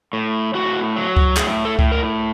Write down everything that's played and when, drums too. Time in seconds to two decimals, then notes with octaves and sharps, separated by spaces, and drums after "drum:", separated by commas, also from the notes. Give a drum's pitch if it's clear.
0.13 A2
0.54 A2 F#4
0.96 F#3
1.17 drum: kick C#2
1.37 A2 G#4, drum: clap
1.65 A4
1.79 A2, drum: kick C#2
1.92 A#4